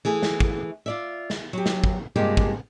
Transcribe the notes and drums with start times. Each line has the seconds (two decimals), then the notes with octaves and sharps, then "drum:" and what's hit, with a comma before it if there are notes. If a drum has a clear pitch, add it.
0.05 E3 A3 G#4
0.23 drum: snare
0.40 drum: kick
0.86 F4 D5 E5
1.30 drum: snare
1.53 F#3 G4
1.66 drum: snare
1.84 drum: kick
2.16 G2 C3 G#3 A#3 F4 G4
2.37 drum: kick